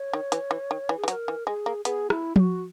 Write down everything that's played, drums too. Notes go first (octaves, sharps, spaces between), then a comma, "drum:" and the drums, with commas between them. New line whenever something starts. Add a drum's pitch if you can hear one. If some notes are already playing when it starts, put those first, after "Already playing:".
Already playing: C#5
D#3
E3, drum: hi-hat
E3
D#3
E3
G#4
E3
F#3 C#5, drum: hi-hat
A#4
E3
G#3 G#4
A#3
B3 G#4, drum: hi-hat
E4, drum: rim click
G#4, drum: tom F3
F#4